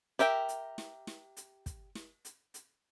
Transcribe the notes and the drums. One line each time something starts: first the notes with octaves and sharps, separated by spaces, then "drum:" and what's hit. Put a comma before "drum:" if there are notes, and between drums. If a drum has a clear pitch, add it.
G4 A#4 E5 G5, drum: hi-hat
drum: hi-hat
drum: snare
drum: snare
drum: hi-hat
drum: kick, hi-hat
drum: snare
drum: hi-hat
drum: hi-hat